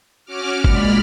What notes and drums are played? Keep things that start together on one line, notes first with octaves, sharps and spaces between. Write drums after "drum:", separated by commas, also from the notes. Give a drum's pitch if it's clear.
C#4 F#4 D6 F6
A#2 G#3 D5 B5 F6, drum: kick G#1